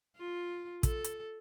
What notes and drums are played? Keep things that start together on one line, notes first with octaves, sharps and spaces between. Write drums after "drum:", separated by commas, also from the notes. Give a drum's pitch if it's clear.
F4
A4, drum: kick, hi-hat
drum: hi-hat